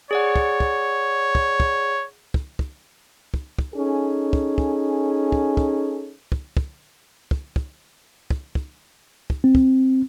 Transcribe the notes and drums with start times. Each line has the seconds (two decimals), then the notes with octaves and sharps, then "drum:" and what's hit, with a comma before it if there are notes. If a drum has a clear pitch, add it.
0.11 G#4 C#5 D5 F#5
0.36 drum: kick
0.60 drum: kick
1.35 drum: kick
1.60 drum: kick
2.34 drum: kick
2.59 drum: kick
3.34 drum: kick
3.59 drum: kick
3.75 C#4 D#4 G#4 A4
4.33 drum: kick
4.58 drum: kick
5.32 drum: kick
5.57 drum: kick
6.32 drum: kick
6.57 drum: kick
7.31 drum: kick
7.56 drum: kick
8.31 drum: kick
8.55 drum: kick
9.30 drum: kick
9.44 C4
9.55 drum: kick